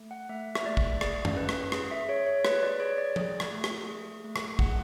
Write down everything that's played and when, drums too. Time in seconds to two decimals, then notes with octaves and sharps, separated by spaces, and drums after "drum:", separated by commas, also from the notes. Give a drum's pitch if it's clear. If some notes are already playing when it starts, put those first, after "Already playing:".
Already playing: A3
0.11 F#5
0.29 A3 E5
0.55 E5, drum: rim click
0.65 A3 D5
0.77 drum: kick
1.01 G#4 D5, drum: rim click
1.25 drum: tom F#2
1.36 C#4 B4
1.49 drum: rim click
1.72 G#4, drum: rim click
1.91 E5
2.08 G#4 C#5
2.27 C#5
2.45 G#4 B4, drum: rim click
2.63 D5
2.80 G#4 C#5
2.98 D5
3.16 G#4, drum: tom F3
3.40 drum: rim click
3.51 A3
3.64 drum: rim click
3.88 G#4
4.24 A3
4.36 drum: rim click
4.59 G#4 F#5, drum: kick